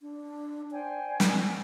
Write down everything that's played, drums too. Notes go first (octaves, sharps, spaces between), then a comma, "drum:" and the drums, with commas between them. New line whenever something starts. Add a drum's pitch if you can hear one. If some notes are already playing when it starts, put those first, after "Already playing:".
D4
C5 D5 G5 G#5
D4, drum: snare